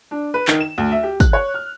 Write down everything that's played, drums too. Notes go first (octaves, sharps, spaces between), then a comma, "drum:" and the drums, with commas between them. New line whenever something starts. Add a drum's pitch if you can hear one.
D4
B4
D#3, drum: clap
E7
D2
E5
G4
F#6, drum: kick, tambourine
C#5
F6